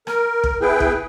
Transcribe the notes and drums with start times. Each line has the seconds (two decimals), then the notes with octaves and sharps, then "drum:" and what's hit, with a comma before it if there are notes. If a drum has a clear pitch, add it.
0.07 A#4, drum: rim click
0.44 drum: kick
0.61 B3 E4 G#4 B4 G5
0.80 drum: kick